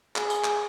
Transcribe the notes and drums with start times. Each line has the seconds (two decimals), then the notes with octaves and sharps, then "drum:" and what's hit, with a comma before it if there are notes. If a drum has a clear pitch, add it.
0.16 G#4, drum: clap
0.30 drum: tambourine
0.44 drum: clap